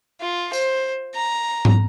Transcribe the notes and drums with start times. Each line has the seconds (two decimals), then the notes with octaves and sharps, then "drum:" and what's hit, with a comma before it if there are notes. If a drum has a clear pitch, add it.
0.21 F4
0.53 C5, drum: tambourine
1.15 A#5
1.65 drum: tom G#2